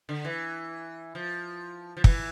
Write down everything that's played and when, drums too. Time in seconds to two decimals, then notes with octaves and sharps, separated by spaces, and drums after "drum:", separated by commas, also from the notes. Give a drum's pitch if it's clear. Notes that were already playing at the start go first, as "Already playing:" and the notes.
0.09 D3
0.25 E3
1.15 F3
1.97 F3
2.04 E3, drum: kick